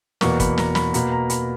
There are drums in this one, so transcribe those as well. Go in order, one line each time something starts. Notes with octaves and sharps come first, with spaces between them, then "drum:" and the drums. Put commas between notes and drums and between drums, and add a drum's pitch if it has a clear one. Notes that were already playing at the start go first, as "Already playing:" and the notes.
E2 B2 A#3 C#6, drum: snare
B5, drum: kick, hi-hat
A#5, drum: snare
B5, drum: snare
B2 A#3 B5, drum: hi-hat
A#5
B5, drum: hi-hat